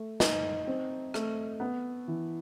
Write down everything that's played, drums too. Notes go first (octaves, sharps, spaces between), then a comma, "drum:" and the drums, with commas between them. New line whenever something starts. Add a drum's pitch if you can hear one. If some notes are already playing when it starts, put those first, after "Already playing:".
Already playing: A3
D#4, drum: snare
C4
A3, drum: rim click
B3
E3